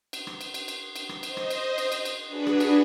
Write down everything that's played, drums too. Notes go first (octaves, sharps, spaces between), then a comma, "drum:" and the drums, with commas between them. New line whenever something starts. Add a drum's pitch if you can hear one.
drum: cymbal
drum: rim click
drum: cymbal
drum: cymbal
drum: cymbal
drum: cymbal
drum: rim click
C5 D#5, drum: cymbal
drum: rim click
drum: cymbal
drum: cymbal
drum: cymbal
drum: cymbal
D4 F#4 G#4 B4
drum: rim click
drum: cymbal